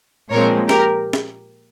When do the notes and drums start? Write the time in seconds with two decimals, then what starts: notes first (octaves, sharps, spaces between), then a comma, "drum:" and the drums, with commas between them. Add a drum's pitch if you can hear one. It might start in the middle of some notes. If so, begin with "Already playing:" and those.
0.31 A#2 F3 G#3 C4 A#4 C#5
0.69 G4 A#4, drum: snare
1.13 drum: snare